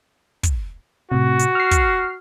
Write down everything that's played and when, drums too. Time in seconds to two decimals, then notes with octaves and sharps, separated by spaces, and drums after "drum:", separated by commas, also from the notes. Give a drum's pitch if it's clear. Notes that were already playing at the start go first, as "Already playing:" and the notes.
0.43 drum: kick, hi-hat
1.12 A2 C3 F#4
1.39 drum: hi-hat
1.55 F6 C7
1.71 drum: kick, hi-hat